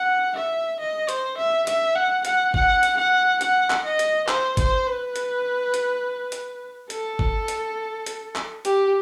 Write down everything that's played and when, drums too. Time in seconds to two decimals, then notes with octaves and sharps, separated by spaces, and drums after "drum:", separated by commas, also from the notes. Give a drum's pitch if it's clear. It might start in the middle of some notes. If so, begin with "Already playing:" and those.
Already playing: F#5
0.35 E5
0.80 D#5
1.09 C5, drum: hi-hat
1.38 E5
1.67 E5, drum: hi-hat
1.96 F#5
2.25 F#5, drum: hi-hat
2.54 F#5, drum: kick G1
2.83 drum: hi-hat
2.97 F#5
3.41 F#5, drum: hi-hat
3.70 drum: clap
3.85 D#5
3.99 drum: hi-hat
4.28 C5, drum: clap
4.57 C5, drum: kick G1, hi-hat
4.87 B4
5.16 drum: hi-hat
5.74 drum: hi-hat
6.32 drum: hi-hat
6.90 A4, drum: hi-hat
7.19 drum: kick G1
7.48 drum: hi-hat
8.06 drum: hi-hat
8.36 drum: clap
8.65 G4, drum: hi-hat